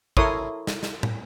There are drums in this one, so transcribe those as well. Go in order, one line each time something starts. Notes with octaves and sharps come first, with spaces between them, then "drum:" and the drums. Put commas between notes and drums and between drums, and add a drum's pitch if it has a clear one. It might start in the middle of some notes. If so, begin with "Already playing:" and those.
E4 A4 A#4 C#5 C6 D#6, drum: kick
drum: snare
drum: snare
drum: tom